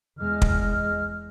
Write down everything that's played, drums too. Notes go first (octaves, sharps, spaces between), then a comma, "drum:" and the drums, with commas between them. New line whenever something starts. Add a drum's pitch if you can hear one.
E2 G#3 D#5 F6
drum: kick